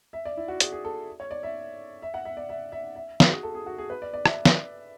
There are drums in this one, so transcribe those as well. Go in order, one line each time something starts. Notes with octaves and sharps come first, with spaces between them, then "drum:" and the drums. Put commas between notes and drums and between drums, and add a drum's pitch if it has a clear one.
E5
D5
E4
F#4
G#4, drum: hi-hat
G#4
A4
C#5
D5
E5
E5
F#5
E5
D5
E5
E5
E5
F#4, drum: snare
G#4
A4
G#4
F#4
G#4
B4
D5
D5
E5, drum: rim click
drum: snare